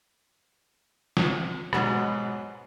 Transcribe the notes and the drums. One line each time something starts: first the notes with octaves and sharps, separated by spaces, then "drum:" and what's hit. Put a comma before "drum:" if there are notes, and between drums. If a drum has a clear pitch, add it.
drum: snare
G#2 B2 F#3, drum: rim click